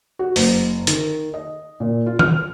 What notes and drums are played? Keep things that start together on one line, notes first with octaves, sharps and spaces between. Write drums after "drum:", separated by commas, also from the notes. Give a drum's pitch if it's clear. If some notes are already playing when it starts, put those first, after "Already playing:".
F#4
F#1, drum: open hi-hat
D#3, drum: hi-hat
D#5
A#2
F4
F6, drum: tom D#3